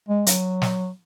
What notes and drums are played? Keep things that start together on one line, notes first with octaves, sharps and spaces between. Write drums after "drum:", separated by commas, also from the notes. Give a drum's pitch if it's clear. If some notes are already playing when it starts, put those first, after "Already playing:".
G#3
F#3, drum: hi-hat
drum: snare